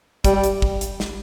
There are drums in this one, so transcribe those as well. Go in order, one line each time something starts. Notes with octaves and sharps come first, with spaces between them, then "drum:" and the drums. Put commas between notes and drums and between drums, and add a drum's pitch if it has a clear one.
G3, drum: kick, hi-hat
drum: hi-hat
drum: kick
drum: hi-hat
drum: snare